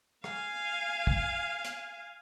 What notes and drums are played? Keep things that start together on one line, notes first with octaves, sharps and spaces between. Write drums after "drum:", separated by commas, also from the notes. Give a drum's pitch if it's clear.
F5 G#5, drum: rim click
drum: kick
drum: hi-hat